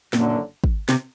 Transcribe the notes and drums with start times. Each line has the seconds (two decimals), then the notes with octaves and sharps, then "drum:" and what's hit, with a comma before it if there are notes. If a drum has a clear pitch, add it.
0.13 F#1 F#2 A#2 D3 F#3, drum: snare
0.64 drum: kick
0.89 C3, drum: snare